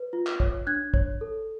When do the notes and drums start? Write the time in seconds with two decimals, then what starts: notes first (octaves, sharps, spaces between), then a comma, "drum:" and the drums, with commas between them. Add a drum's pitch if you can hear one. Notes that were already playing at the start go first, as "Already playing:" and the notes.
Already playing: B4
0.13 F4
0.27 drum: clap
0.40 C#5, drum: kick
0.67 D4 F#6 G#6
0.94 C#5, drum: kick
1.21 A4